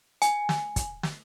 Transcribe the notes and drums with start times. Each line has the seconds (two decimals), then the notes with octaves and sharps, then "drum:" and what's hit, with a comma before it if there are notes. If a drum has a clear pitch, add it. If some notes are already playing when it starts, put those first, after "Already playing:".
0.22 G#5, drum: hi-hat
0.49 drum: snare
0.76 drum: kick, hi-hat
1.03 drum: snare